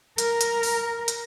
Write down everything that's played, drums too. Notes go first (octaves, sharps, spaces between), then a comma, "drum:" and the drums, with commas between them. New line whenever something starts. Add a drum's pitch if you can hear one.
A#4, drum: hi-hat
drum: hi-hat
drum: open hi-hat
drum: hi-hat